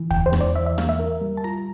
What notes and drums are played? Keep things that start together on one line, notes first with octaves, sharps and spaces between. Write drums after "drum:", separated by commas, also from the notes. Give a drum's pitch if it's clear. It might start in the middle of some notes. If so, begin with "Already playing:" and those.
Already playing: E3
E2 G5, drum: kick
C5
E2, drum: rim click
D5
E3 E5
E5
A#3 F5, drum: rim click
E5
A#4
G3
A5
F4 A#5